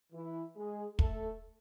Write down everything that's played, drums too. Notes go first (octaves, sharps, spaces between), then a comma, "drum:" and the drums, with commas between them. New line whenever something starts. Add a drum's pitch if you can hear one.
E3 E4
G#3 G#4
A3 A4, drum: kick